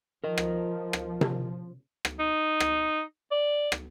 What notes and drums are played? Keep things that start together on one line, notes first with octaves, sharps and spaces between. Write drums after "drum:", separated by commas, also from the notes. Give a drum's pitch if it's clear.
F3 A#4 D#5
drum: rim click
drum: rim click
drum: tom C3
drum: rim click
D#4
drum: rim click
D5
drum: rim click